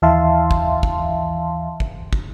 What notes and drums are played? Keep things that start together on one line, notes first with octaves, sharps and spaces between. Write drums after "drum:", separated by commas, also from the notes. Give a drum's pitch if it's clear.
D#2 E3 E5 F5 A5 C6
drum: kick
drum: kick
drum: kick
drum: kick